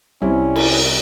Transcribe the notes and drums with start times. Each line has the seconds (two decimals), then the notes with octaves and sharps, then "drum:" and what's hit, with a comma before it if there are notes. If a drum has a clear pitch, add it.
0.22 C2 C3 G3 C#4 E4
0.56 drum: cymbal